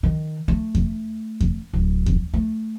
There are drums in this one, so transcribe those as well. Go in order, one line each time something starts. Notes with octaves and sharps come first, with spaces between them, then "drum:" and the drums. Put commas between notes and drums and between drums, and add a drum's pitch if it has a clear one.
D#3
A3
drum: kick E2
drum: kick E2
D1
drum: kick E2
A3